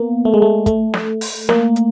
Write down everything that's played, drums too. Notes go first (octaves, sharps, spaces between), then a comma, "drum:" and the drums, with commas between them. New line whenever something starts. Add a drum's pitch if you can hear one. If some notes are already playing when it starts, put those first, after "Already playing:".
Already playing: A#3 B3
A3
G#3
A3
A3, drum: kick, hi-hat
drum: snare
drum: open hi-hat
A#3, drum: snare
drum: hi-hat